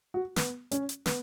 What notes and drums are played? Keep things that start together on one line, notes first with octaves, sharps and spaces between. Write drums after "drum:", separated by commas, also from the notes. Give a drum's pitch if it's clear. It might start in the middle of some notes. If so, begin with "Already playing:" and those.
F#4
B3, drum: snare
C#4, drum: hi-hat
drum: hi-hat
B3, drum: snare